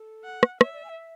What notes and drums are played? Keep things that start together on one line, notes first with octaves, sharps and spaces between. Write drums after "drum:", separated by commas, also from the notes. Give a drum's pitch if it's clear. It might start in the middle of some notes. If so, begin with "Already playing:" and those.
Already playing: A4
F#5
drum: rim click
C#5 E5, drum: rim click
D5
G#5
E5